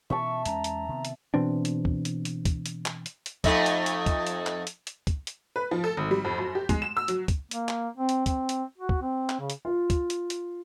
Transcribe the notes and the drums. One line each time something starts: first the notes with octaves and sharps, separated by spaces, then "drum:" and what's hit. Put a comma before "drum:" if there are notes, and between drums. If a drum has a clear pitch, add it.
B2 E3 E5 A5 C#6
E2 G#3 C#4 A#5, drum: hi-hat
drum: hi-hat
C3 D#3 B3
drum: hi-hat
B2 E3 C4 D4
drum: hi-hat
drum: kick C#2
drum: hi-hat
drum: hi-hat
drum: kick C#2, hi-hat
drum: hi-hat
drum: clap
drum: hi-hat
drum: hi-hat
F2 A3 D#4, drum: kick C#2, hi-hat
drum: hi-hat
drum: hi-hat
drum: kick C#2, hi-hat
drum: hi-hat
drum: clap
drum: hi-hat
drum: hi-hat
drum: kick C#2, hi-hat
drum: hi-hat
B4
F3
A4
G#1
G3
F2
F#2
G4
G#3, drum: kick C#2, hi-hat
E7
E6
F#3, drum: hi-hat
drum: kick C#2, hi-hat
A#3, drum: hi-hat
drum: clap
C4
drum: hi-hat
C4, drum: kick C#2, hi-hat
drum: hi-hat
F#4
drum: kick C#2
C4
drum: clap
C#3
drum: hi-hat
F4
drum: kick C#2, hi-hat
drum: hi-hat
drum: hi-hat